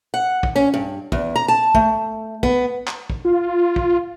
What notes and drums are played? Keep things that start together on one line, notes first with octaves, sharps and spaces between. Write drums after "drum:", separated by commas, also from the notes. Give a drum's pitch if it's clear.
F#5
drum: kick
C#4
G2
E2, drum: kick
A#5
A5
A3, drum: kick
B3, drum: kick
drum: clap
drum: kick
F4
drum: kick